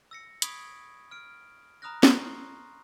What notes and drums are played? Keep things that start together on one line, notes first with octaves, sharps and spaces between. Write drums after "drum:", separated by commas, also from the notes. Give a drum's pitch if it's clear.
E6 A#6 C#7
B5 C#6 D#6 G#6 B6 D7, drum: hi-hat
F6 D7
A#5 B5 D#6 F6 F#6 A#6
C6 C#6 C7, drum: snare